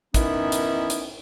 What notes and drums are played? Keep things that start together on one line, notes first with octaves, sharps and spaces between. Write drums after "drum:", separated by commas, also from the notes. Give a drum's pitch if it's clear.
D#3 E3 B3 C#4 D#4 E4, drum: kick, hi-hat
drum: hi-hat
drum: hi-hat